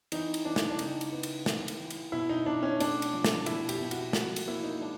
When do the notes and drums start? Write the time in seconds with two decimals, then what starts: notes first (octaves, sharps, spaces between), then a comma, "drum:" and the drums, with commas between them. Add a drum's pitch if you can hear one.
0.12 E3 D#4, drum: cymbal
0.34 drum: cymbal
0.45 E3 D4
0.56 drum: snare
0.70 D4
0.79 C#3 D#4, drum: cymbal
1.01 drum: cymbal
1.12 B3
1.23 drum: cymbal
1.46 E3, drum: snare
1.68 drum: cymbal
1.79 E3
1.90 drum: cymbal
2.12 B2 E4
2.29 D#4
2.46 B2 D4
2.62 C#4
2.80 A3 D4, drum: cymbal
3.02 drum: cymbal
3.13 F3
3.24 drum: snare
3.46 B2 E4, drum: cymbal
3.69 G4, drum: cymbal
3.80 B2
3.91 F#4, drum: cymbal
4.13 F3 F#4, drum: snare
4.36 drum: cymbal
4.47 A#3 E4
4.64 D#4
4.81 G#3 D4